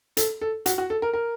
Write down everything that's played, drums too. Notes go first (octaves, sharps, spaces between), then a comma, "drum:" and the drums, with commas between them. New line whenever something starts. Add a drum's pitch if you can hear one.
A4, drum: hi-hat
A4
F#4, drum: hi-hat
F#4
A4
A#4
A#4